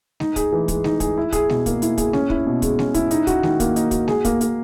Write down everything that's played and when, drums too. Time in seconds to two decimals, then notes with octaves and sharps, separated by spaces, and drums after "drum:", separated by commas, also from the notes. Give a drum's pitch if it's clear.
0.20 D#4, drum: snare G#3
0.36 G#4, drum: kick, hi-hat
0.52 E3
0.68 G#3, drum: kick, hi-hat
0.84 D#4, drum: snare G#3
1.00 G#4, drum: kick, hi-hat
1.17 E4
1.32 G#4, drum: kick, hi-hat
1.49 B2, drum: snare G#3
1.66 A#3, drum: kick, hi-hat
1.82 E4, drum: hi-hat
1.98 G#4, drum: kick, hi-hat
2.13 C#4, drum: snare G#3
2.30 E4, drum: kick
2.47 B2
2.62 G#3, drum: kick, hi-hat
2.79 C#4, drum: snare G#3
2.94 E4, drum: kick, hi-hat
3.11 D#4, drum: hi-hat
3.27 F#4, drum: kick, hi-hat
3.43 D#3, drum: snare G#3
3.60 A#3, drum: kick, hi-hat
3.76 D#4, drum: hi-hat
3.91 F#4, drum: kick, hi-hat
4.08 G#4, drum: snare G#3
4.25 A#3, drum: kick, hi-hat
4.41 A#3, drum: hi-hat